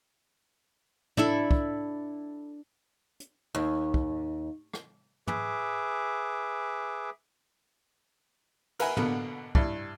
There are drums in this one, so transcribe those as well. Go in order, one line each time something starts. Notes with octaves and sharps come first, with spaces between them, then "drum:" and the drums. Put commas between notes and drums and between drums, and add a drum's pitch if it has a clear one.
D4 E4 A4, drum: tom
drum: kick
drum: hi-hat
D#2
drum: kick
drum: rim click
G#4 B4 E5 D6, drum: tom
A#4 B4 E5 F#5 G#5, drum: cymbal
B2 D3 A#3 B3, drum: tom
G2 E4, drum: kick